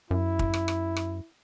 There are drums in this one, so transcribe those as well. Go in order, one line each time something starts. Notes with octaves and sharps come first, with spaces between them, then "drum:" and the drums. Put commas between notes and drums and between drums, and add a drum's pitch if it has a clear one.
F#2 E4
drum: kick
drum: rim click
drum: rim click
drum: rim click